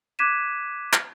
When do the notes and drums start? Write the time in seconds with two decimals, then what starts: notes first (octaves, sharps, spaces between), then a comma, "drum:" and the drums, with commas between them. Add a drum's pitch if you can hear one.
0.19 D6 F#6 G#6 B6 D#7 E7
0.93 drum: clap